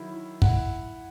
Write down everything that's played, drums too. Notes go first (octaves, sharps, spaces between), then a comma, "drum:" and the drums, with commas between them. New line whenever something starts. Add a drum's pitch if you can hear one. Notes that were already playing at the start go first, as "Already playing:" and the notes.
Already playing: D#3 F#3 E4
E4
E4 F#5, drum: kick